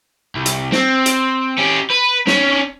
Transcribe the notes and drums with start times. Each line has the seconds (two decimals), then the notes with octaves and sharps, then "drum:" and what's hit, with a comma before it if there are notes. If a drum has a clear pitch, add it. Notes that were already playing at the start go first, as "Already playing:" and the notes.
0.35 C2
0.46 drum: hi-hat
0.72 C4, drum: snare
1.06 drum: hi-hat
1.58 C#4 G4
1.91 B4
2.27 C#4 D4, drum: snare